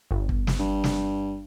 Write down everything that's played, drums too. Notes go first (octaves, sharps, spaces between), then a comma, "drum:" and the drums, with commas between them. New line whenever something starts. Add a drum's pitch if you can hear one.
G1
drum: kick
drum: snare
G2
drum: snare